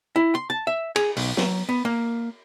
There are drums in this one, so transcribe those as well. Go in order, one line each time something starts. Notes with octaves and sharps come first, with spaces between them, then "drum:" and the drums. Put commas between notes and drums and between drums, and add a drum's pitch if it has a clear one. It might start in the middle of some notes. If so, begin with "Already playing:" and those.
E4
C6
A5
E5
G#4, drum: cymbal
B1, drum: open hi-hat
F#3, drum: snare
B3
A#3